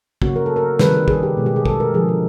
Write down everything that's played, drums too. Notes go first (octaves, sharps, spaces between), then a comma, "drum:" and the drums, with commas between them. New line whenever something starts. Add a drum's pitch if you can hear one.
C#3 F#3 A#3 F#4, drum: kick
A#4
A4
A#4
C3 D#3 G3 B4, drum: snare
G#4, drum: kick
G4
B2 G#3
G4
G#4
A4, drum: kick
A#4
D3 F3 G#3 G#4
A4